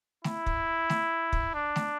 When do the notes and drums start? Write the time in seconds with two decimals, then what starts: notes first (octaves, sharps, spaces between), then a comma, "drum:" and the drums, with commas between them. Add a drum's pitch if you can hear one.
0.24 E4, drum: snare A3
0.46 drum: kick
0.90 drum: snare A3
1.33 drum: kick
1.54 D4
1.76 drum: snare A3